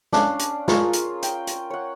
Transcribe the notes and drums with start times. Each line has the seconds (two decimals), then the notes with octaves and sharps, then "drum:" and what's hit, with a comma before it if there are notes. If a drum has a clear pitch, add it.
0.12 C#4 D4 F5, drum: snare
0.39 drum: hi-hat
0.68 F4 G#4 A#4 C#6, drum: snare
0.93 drum: hi-hat
1.23 G5, drum: hi-hat
1.47 drum: hi-hat
1.70 C#5 F#5